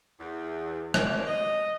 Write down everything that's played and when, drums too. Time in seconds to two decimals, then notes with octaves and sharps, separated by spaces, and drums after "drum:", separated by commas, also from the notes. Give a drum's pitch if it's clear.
0.19 E2
0.94 B2 E3 G3 A#3 C4 C#5, drum: rim click
1.27 D#5